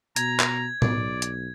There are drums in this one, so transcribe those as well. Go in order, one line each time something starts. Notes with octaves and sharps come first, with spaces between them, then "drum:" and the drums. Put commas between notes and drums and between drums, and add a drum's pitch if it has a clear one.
B2 A#5 G#6, drum: hi-hat
drum: clap
B1 D5, drum: tom
drum: hi-hat